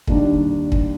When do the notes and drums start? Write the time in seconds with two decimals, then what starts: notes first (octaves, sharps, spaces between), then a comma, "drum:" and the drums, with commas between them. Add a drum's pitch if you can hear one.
0.07 D#2 D#3 G3 D4, drum: kick
0.72 drum: kick